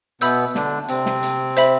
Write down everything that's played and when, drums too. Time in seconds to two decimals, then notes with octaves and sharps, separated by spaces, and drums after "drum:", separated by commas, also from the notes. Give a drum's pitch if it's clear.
0.21 B2 B3 E5 B5 E6 G6, drum: hi-hat
0.55 D3 D4, drum: snare
0.88 C3 C4, drum: hi-hat
1.06 drum: snare
1.23 drum: hi-hat
1.57 C5 E5 B5, drum: hi-hat